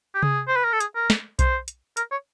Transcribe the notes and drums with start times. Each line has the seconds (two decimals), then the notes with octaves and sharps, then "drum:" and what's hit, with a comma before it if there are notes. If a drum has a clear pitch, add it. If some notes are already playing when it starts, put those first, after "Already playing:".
0.14 G4
0.23 G#4, drum: tom C3
0.48 C5
0.56 B4
0.64 A#4
0.73 A4
0.80 G#4, drum: hi-hat
0.95 A#4
1.10 drum: snare
1.39 C5, drum: kick B1, hi-hat
1.68 drum: hi-hat
1.97 A#4, drum: hi-hat
2.11 C#5